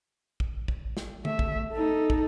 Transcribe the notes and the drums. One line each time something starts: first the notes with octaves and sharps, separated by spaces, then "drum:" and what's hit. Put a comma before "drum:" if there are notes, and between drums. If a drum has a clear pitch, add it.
drum: kick
drum: kick
drum: snare
A3 E5, drum: tom D3
drum: kick
D#4 A4
drum: kick